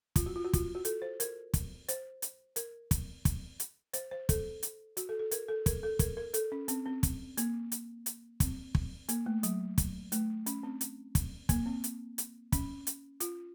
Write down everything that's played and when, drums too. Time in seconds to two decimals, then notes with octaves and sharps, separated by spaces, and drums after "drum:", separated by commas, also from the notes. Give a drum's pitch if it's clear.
0.16 F4, drum: kick, hi-hat
0.26 F#4
0.36 F4
0.45 F#4
0.53 F4, drum: kick, hi-hat
0.75 F#4
0.85 A4, drum: hi-hat
1.02 C5
1.20 A#4, drum: hi-hat
1.54 drum: kick, hi-hat
1.88 C5, drum: hi-hat
2.22 drum: hi-hat
2.56 A#4, drum: hi-hat
2.91 drum: kick, hi-hat
3.25 drum: kick, hi-hat
3.60 drum: hi-hat
3.93 C5, drum: hi-hat
4.11 C5
4.29 A4, drum: kick, hi-hat
4.63 drum: hi-hat
4.97 F#4, drum: hi-hat
5.09 A4
5.19 A4
5.31 A#4, drum: hi-hat
5.49 A4
5.66 A#4, drum: kick, hi-hat
5.83 A4
5.99 A#4, drum: kick, hi-hat
6.17 A#4
6.34 A4, drum: hi-hat
6.52 C#4
6.68 C4, drum: hi-hat
6.86 C4
7.03 drum: kick, hi-hat
7.37 A#3, drum: hi-hat
7.72 drum: hi-hat
8.06 drum: hi-hat
8.40 C4, drum: kick, hi-hat
8.75 drum: kick
9.09 A#3, drum: hi-hat
9.26 A3
9.43 F#3, drum: hi-hat
9.78 drum: kick, hi-hat
10.12 A3, drum: hi-hat
10.46 C#4, drum: hi-hat
10.63 C4
10.81 drum: hi-hat
11.15 drum: kick, hi-hat
11.49 A#3, drum: kick, hi-hat
11.66 C4
11.84 drum: hi-hat
12.18 drum: hi-hat
12.52 C#4, drum: kick, hi-hat
12.87 drum: hi-hat
13.20 F4, drum: hi-hat